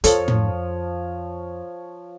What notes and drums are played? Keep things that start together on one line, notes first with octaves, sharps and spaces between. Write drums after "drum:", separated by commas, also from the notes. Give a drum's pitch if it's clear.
F2 F3 A4 C#5, drum: hi-hat
drum: tom